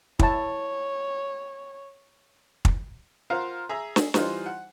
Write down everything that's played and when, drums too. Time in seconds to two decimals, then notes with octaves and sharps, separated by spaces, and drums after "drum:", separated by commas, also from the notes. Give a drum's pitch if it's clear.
0.19 E4 C#5 A5, drum: kick
2.65 drum: kick
3.30 F4 A#4 C5 F5 F#5
3.69 G#4 E5 A#5
3.96 drum: snare
4.14 E3 G3 D#4 F4 C5, drum: snare
4.46 F#5